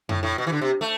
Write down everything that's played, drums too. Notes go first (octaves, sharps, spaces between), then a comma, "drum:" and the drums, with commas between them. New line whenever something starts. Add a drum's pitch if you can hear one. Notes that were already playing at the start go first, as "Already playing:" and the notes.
A2, drum: tom F2
A2
B2
E3
D3
C3
A3